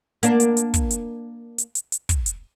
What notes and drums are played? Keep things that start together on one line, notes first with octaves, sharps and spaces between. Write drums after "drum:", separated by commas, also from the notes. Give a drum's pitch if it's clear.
A#3 D4, drum: hi-hat
drum: hi-hat
drum: hi-hat
drum: kick, hi-hat
drum: hi-hat
drum: hi-hat
drum: hi-hat
drum: hi-hat
drum: kick, hi-hat
drum: hi-hat